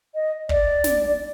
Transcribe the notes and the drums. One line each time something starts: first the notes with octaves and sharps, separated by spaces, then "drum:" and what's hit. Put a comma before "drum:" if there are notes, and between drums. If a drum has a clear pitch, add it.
D#5
D5, drum: kick
drum: snare